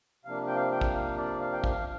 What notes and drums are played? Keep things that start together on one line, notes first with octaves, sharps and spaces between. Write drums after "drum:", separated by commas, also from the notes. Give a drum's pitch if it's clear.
C3 F3 A#3 D4 F5
G5
F5
G5
drum: kick
F5
D5
F5
G5
F5, drum: kick